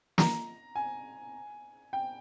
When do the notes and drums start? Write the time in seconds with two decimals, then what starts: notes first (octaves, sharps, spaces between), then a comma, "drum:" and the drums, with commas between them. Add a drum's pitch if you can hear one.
0.18 A#5, drum: snare
0.75 G#5
1.93 G5